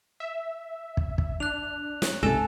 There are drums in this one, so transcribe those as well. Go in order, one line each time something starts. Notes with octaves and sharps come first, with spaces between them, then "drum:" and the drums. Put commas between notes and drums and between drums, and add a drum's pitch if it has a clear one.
E5
drum: kick
drum: kick
D4 F#6 F7
drum: snare
C#2 G#2 C3 A4 G#5